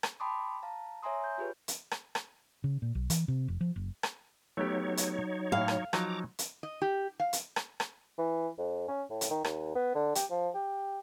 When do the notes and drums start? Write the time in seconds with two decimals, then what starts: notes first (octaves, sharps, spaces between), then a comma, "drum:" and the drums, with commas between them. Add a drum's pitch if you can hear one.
0.03 drum: rim click
0.20 G5 A5 B5 C6 D6 D#6
0.62 F5 A5 A#5
1.03 C#5 E5 G#5 A#5 C6 D#6
1.24 G6
1.38 F4 G4 G#4 B4 C#5
1.68 drum: hi-hat
1.91 drum: rim click
2.15 drum: rim click
2.64 C#3
2.82 A#2
2.95 B1
3.10 E3, drum: hi-hat
3.28 C3
3.48 F1
3.61 F3
3.76 F#1
4.03 drum: rim click
4.57 F#3 A3 B3 D#4 G4 C#5
4.97 drum: hi-hat
5.52 A2 F5
5.68 drum: rim click
5.93 F3 F#3 D#4 A#5 D6, drum: rim click
6.39 drum: hi-hat
6.63 D#5
6.82 G4
7.20 F5
7.33 drum: hi-hat
7.56 drum: rim click
7.80 drum: rim click
8.18 E3
8.58 F2
8.88 C#4
9.10 A2
9.21 drum: hi-hat
9.30 D#3
9.45 D#2, drum: rim click
9.75 B3
9.95 D3
10.15 G4, drum: hi-hat
10.30 F3
10.54 G4